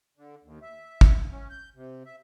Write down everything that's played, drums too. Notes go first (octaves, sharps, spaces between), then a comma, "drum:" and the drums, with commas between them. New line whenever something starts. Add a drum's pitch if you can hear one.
D3
D#2
E5
drum: kick
C#4
G6
C3
E5